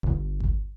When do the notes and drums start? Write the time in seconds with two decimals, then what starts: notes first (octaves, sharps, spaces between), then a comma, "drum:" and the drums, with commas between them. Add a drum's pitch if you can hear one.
0.03 G1, drum: kick G1
0.40 drum: kick G1